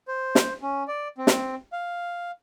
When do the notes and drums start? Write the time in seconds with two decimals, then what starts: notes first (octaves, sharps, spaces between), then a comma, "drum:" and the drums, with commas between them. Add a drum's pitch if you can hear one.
0.08 C5
0.35 drum: snare
0.62 C#4
0.88 D5
1.18 C4
1.27 drum: snare
1.73 F5